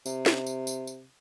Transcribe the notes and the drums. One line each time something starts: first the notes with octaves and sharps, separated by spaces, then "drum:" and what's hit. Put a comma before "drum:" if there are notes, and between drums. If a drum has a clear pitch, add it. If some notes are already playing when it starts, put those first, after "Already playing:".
C3, drum: tambourine
drum: snare
drum: tambourine
drum: tambourine
drum: tambourine